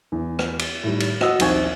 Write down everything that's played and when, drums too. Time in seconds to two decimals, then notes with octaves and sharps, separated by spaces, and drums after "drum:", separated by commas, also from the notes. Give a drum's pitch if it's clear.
0.12 E2
0.39 drum: rim click
0.59 drum: cymbal
0.84 A2 D#3 G3
1.00 drum: cymbal
1.21 F#4 D#5 F#5 D#6 E6, drum: rim click
1.40 A#1 D#2 C4 G#5 C#6 G#6, drum: cymbal